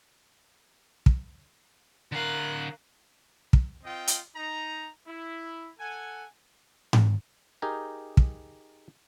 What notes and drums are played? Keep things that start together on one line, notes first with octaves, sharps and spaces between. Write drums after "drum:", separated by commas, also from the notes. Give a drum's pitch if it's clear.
drum: kick
D3 A#4 F5 F#6
drum: kick
C4 F4 D#5 G5
drum: hi-hat
D#4 A#5
E4
A4 F#5 G#5
drum: tom G#2
D#4 G4 G#4 A#4
drum: kick